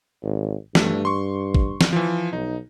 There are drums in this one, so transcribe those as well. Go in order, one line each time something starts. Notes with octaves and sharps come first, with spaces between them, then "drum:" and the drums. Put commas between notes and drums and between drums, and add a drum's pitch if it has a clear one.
G#1
G2 A3, drum: snare
C6 C#6
drum: kick
drum: snare
E3 F3
B1 D#4